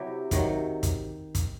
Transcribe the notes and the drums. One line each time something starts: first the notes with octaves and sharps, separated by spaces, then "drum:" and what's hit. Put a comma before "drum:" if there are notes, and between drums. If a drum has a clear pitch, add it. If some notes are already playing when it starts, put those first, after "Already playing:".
Already playing: C3 F#3 E4 G4
C3 D#3 F#3, drum: kick, hi-hat
drum: kick, hi-hat
drum: kick, hi-hat